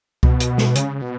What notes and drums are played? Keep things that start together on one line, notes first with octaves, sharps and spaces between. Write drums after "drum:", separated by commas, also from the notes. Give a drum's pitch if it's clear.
B2, drum: kick C#2
drum: hi-hat
drum: snare
C#3, drum: hi-hat
B2